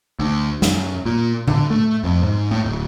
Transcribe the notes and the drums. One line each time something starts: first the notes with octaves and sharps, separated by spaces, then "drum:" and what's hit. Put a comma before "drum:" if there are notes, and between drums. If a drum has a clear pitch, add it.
D2
F#2, drum: snare
A#2
D3, drum: tom A2
A3
F2
G#2
A2
D1